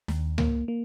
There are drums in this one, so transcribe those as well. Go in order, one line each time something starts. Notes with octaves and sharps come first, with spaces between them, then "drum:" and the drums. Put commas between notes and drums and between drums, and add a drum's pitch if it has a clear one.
D#2, drum: snare
A#3, drum: tom C#2
A#3